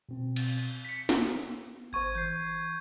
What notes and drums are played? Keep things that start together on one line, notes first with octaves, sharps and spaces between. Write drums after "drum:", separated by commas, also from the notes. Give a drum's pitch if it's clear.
B2 C4
drum: cymbal
B6 C#7
B3, drum: snare
G#1 C5 C#6 G#6
E3 G6 C7